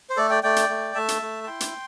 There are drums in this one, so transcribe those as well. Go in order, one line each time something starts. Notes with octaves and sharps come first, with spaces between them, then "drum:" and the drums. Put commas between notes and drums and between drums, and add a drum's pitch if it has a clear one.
C5
A3 A4 D5
D5 G5
A3 D5 G5
drum: hi-hat
A3
A3 E5 A5
drum: hi-hat
A3
A5
E4 G5 C6
drum: hi-hat